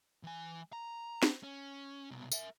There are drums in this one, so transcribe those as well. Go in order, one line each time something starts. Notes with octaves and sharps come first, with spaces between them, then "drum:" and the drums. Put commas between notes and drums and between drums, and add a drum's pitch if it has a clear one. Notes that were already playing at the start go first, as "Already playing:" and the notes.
E3 G#5
A#5
drum: snare
C#4
C2 B2
A#4 E5, drum: tambourine